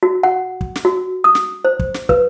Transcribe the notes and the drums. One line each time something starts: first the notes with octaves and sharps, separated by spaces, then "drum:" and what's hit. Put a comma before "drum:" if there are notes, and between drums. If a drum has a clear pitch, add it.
F#4
F#5
drum: kick
drum: snare
F#4
D#6
drum: snare
C5
drum: kick
drum: snare
B4, drum: kick